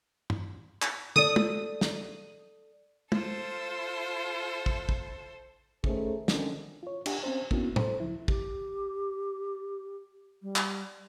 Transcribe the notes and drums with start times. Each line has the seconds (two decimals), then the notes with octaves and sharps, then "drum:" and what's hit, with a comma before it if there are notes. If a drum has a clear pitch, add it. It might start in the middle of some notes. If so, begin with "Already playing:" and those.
0.30 drum: tom
0.82 drum: clap
1.16 A4 D5 D#6 D#7, drum: tom
1.36 drum: tom
1.81 drum: snare
3.12 F4 A4 C5, drum: tom
4.66 drum: kick
4.89 drum: kick
5.84 D#3 A3 C#4 G#4 A4 C5, drum: kick
6.28 D3 D#3 F3 C4 C#4, drum: snare
6.83 F4 C#5
7.06 D4 G4 F#5, drum: cymbal
7.24 C4 C#4 C5
7.51 A#3 B3 C#4 D4 E4 F#4, drum: kick
7.76 A4 C5, drum: tom A2
8.00 C#2 F3 E4
8.28 G4, drum: kick
10.42 G3
10.56 drum: clap